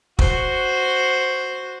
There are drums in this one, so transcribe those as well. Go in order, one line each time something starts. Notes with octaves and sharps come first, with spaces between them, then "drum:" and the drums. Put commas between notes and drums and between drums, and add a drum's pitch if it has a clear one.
F#4 C5, drum: kick